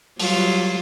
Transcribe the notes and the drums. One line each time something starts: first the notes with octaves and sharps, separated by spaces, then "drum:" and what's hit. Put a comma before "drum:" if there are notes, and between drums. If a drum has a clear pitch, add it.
F#3 G3 F4, drum: open hi-hat